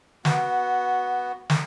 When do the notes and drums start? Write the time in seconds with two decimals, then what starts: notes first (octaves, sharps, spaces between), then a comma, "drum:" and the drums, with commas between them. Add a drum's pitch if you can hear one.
0.25 B3 F#4, drum: snare
1.50 drum: snare